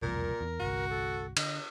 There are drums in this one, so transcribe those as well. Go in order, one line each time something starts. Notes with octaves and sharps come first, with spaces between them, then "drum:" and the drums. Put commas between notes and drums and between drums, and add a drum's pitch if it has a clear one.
E1 C2 F2 A#2 A#4
E2
G1 C2 F#4
A4
D3 D#5, drum: cymbal